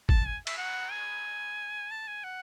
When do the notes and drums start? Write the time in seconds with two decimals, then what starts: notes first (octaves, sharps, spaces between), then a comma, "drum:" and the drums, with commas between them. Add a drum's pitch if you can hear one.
0.09 A5, drum: kick
0.26 G#5
0.47 E5, drum: cymbal
0.58 F#5
0.92 G#5
1.91 A5
2.08 G#5
2.24 F#5